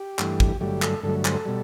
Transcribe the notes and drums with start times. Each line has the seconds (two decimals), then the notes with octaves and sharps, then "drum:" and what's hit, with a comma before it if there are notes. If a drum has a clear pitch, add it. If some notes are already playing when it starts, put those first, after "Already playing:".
Already playing: G4
0.19 G2 E3 A3, drum: clap
0.40 drum: kick
0.61 G2 D3 F#3 A3 G4
0.82 A4, drum: clap
1.03 G2 D3 F#3 A3 A4
1.25 C5, drum: clap
1.34 A4
1.45 B2 G3